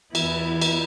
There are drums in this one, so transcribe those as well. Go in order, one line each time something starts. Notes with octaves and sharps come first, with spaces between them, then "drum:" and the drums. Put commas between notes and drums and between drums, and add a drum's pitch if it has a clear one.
E2 E3 B3 E4, drum: cymbal
drum: cymbal